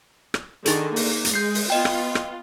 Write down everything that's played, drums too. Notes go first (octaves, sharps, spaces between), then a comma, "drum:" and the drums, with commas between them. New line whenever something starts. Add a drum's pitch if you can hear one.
drum: rim click
D3 D#3 D#4 G#4, drum: hi-hat
A#3, drum: open hi-hat
drum: hi-hat
G#3 G6 C7
drum: open hi-hat
B3 F4 D#5 G5
drum: rim click
drum: rim click